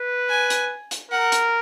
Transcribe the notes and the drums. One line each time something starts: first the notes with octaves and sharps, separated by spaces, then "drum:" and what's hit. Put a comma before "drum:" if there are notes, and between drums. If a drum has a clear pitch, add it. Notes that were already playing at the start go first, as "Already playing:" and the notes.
Already playing: B4
G#5
drum: hi-hat
drum: hi-hat
A#4 F#5
drum: hi-hat